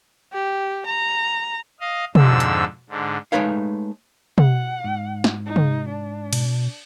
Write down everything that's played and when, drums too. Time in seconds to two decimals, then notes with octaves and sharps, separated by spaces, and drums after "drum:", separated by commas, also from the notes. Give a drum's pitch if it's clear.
0.33 G4
0.87 A#5
1.80 D#5 F5
2.15 F2 G#2 D3 E6, drum: tom
2.40 drum: hi-hat
2.90 G#2 D3
3.32 G#3 A3 D#4 B4 C#5 F5
4.38 F#5, drum: tom
4.84 G#2
5.24 drum: snare
5.46 D#4
5.56 drum: tom
5.89 D4
6.33 B2, drum: cymbal